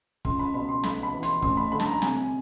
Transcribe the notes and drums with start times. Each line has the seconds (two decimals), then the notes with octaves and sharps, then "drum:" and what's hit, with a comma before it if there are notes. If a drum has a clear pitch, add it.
0.25 C#2 C6, drum: kick
0.39 B5
0.54 B2 B5
0.69 C6
0.84 B1 B5, drum: snare
1.03 B5
1.13 E3
1.23 C6, drum: hi-hat
1.42 A1 C6, drum: kick
1.57 B5
1.72 D3 B5
1.80 A5, drum: snare
1.87 A#5
2.02 C3 G#5, drum: snare